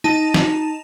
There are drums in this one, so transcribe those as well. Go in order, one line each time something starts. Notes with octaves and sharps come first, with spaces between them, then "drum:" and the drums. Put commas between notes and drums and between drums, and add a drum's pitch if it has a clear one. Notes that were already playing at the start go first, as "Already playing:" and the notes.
D#4 A5
drum: snare